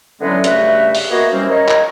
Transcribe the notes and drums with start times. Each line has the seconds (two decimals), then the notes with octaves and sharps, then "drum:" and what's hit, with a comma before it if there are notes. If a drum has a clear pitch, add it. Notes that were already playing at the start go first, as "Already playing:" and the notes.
0.21 D3 E3 F#3 G#3 B3 C#4
0.44 G2 C#3 A3 F#4 B4 E5, drum: hi-hat
0.95 drum: open hi-hat
1.10 A#3 B3 F#4 G#4 D#5 E5
1.31 C3 E3 G3 A#3 C4 C#4
1.49 A#4 C#5 D#5
1.68 drum: clap